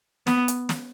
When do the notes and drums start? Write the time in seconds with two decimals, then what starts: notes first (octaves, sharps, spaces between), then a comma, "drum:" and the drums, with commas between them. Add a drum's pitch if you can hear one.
0.27 B3, drum: snare
0.48 drum: hi-hat
0.69 drum: snare